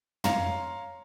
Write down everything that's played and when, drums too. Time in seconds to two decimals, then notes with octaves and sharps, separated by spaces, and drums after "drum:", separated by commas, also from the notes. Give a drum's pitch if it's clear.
0.24 C#5 F5 A#5 C6, drum: tom